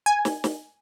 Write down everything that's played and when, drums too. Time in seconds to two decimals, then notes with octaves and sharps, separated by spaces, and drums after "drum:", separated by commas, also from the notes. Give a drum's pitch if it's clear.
0.06 G#5
0.25 drum: snare
0.44 drum: snare